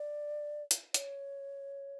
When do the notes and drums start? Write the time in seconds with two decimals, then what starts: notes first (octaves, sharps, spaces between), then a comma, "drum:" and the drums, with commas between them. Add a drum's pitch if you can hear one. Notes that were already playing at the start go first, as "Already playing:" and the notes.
Already playing: D5
0.71 drum: hi-hat
0.94 C#5, drum: hi-hat